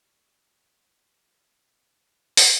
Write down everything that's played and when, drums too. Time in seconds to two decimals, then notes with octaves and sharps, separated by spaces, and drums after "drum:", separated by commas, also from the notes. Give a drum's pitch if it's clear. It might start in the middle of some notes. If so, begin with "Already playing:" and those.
0.04 G4 D5 G5 C#6 G#6
2.37 drum: open hi-hat